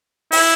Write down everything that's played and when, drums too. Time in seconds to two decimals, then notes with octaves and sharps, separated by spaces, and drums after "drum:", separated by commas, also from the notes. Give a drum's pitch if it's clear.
0.32 E4, drum: open hi-hat